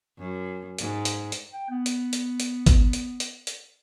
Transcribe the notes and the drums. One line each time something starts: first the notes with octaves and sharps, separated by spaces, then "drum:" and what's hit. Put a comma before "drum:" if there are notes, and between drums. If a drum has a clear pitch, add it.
F#2
G#2, drum: hi-hat
drum: hi-hat
drum: hi-hat
G5
B3
drum: hi-hat
drum: hi-hat
drum: hi-hat
drum: kick, hi-hat
drum: hi-hat
drum: hi-hat
drum: hi-hat